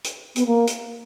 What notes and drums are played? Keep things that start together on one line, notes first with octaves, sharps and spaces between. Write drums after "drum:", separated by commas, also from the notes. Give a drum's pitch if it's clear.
drum: hi-hat
B3, drum: hi-hat
A#3
drum: hi-hat